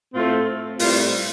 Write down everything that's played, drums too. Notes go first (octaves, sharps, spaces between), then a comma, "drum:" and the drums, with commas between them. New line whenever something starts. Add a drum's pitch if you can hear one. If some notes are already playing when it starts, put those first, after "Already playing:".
A2 A3 C4 F4
A2 G3 C4 F4, drum: open hi-hat